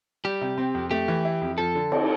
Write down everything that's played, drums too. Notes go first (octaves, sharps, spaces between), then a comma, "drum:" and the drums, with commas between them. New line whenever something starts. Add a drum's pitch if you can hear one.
G3 G4
C3
C4
F2
A3 G4
E3
E4
F2
F3 A4
D3
C4, drum: cymbal